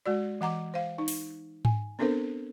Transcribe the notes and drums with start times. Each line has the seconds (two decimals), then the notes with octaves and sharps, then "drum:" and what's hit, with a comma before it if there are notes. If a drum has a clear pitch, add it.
0.06 G#3 F#4 D5
0.41 E3 F#5 A#5 D6
0.74 C5 F5
0.98 D#4
1.08 drum: open hi-hat
1.65 G#5, drum: tom G#2
1.99 B3 C4 D4 A4 A#4 C5